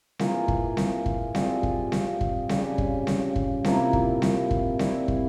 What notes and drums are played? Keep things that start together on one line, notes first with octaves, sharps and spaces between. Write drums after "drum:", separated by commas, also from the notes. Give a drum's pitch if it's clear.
E3 A#3 F4 G#4, drum: snare C4
drum: kick
drum: snare C4
drum: kick
G3 C4 F4 G#4, drum: snare C4
drum: kick
drum: snare C4
drum: kick
C#3 G3 C#4, drum: snare C4
drum: kick
drum: snare C4
drum: kick
C3 F3 A#3 E4, drum: snare C4
drum: kick
drum: snare C4
drum: kick
G3 C4 E4, drum: snare C4
drum: kick